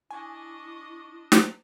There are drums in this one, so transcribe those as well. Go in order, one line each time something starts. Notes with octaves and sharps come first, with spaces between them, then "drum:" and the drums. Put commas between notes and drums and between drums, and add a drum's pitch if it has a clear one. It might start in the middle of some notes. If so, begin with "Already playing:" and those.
D4 E4 D#5 G#5 C#6 D6
drum: snare